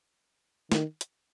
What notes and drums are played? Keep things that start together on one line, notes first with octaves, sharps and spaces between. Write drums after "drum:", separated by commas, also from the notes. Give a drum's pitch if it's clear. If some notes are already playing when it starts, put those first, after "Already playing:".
D#3, drum: snare
drum: hi-hat